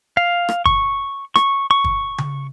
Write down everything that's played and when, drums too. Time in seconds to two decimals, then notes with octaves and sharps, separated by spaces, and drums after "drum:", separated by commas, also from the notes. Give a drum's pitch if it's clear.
0.17 F5
0.49 drum: rim click
0.66 C#6, drum: kick
1.36 C#6, drum: rim click
1.71 C#6
1.84 drum: kick
2.18 drum: tom C#3